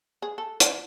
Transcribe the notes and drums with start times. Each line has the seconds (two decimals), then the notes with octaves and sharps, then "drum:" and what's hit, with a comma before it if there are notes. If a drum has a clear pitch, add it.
0.22 G#4
0.38 A4
0.60 D5, drum: hi-hat